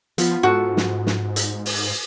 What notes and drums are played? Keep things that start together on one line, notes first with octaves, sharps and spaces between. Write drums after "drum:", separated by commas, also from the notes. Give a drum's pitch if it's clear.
F3 B3 F4, drum: hi-hat
G#2 F#4 A4
drum: snare
drum: snare
drum: hi-hat
drum: open hi-hat